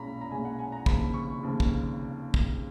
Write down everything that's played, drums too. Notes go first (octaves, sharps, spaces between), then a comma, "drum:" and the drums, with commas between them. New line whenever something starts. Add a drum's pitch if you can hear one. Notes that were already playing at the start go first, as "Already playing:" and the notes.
Already playing: B1 A#2 G#3 C#4 A#5 B5
A#5
B1 A#2 G#3 C#4 G#5
F#5
G#5
A#5
F1 D#2 C#3 F3 B5, drum: kick
C#6
F1 D#2 C#3 F3
drum: kick
drum: kick